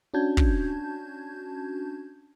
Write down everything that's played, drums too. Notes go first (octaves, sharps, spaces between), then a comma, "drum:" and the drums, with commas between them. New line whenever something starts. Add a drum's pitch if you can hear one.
C#4 D4 F#4 A5 G6 G#6
drum: kick